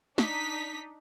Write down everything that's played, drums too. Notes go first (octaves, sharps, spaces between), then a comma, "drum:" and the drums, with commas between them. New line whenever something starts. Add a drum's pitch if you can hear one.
D4 D#4 B6, drum: snare